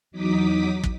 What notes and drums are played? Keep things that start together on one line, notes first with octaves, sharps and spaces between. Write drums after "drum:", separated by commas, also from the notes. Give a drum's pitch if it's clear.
E2 F#3 D#4 D6 D#6 B6
drum: kick